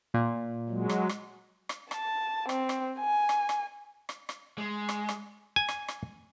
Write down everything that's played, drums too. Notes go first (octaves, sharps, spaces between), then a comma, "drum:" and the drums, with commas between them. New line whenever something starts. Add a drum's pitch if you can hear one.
A#2
F#3 G#3
drum: rim click
drum: rim click
drum: rim click
A5, drum: rim click
C4, drum: rim click
drum: rim click
G#5
drum: rim click
drum: rim click
drum: rim click
drum: rim click
G#3
drum: rim click
drum: rim click
G#5
drum: rim click
drum: rim click